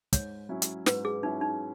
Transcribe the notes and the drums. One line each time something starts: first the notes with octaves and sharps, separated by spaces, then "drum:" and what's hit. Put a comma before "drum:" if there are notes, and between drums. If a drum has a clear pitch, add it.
G#2 C#5, drum: kick, hi-hat
F#3 C#4 E4
drum: hi-hat
G#2 B4, drum: snare
G#4
F#3 C#4 D#4 E4
D#4